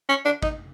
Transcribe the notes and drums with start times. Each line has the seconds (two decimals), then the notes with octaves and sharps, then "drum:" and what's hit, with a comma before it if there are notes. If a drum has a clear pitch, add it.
0.09 C#4
0.25 D4
0.42 D#4, drum: kick